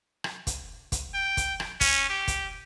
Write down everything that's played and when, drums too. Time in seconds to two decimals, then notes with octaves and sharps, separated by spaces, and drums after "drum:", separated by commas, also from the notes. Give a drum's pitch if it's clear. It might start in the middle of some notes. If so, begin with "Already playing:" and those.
0.24 drum: rim click
0.47 drum: kick, hi-hat
0.92 drum: kick, hi-hat
1.15 G5
1.37 drum: kick, hi-hat
1.60 drum: rim click
1.81 C#4, drum: kick, hi-hat
2.10 G4
2.28 drum: kick, hi-hat